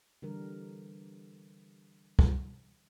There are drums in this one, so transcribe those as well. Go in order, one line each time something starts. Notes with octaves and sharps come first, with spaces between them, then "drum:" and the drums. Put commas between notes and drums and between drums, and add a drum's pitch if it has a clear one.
D3 E3 G3 G4 A#4
drum: kick